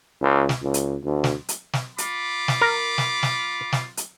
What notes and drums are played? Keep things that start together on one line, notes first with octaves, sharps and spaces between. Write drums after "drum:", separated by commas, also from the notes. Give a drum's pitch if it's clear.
C#2
drum: snare
C#2
drum: hi-hat
D2
drum: snare
drum: hi-hat
drum: snare
F4 B5 D6, drum: hi-hat
drum: snare
A#4
drum: snare
drum: snare
drum: snare
drum: hi-hat